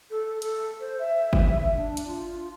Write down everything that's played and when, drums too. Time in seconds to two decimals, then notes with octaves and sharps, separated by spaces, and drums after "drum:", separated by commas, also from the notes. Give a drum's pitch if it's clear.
0.10 A4
0.42 A4, drum: hi-hat
0.80 C5
0.99 E5
1.33 drum: kick G1
1.75 D4
1.97 drum: hi-hat
2.07 F4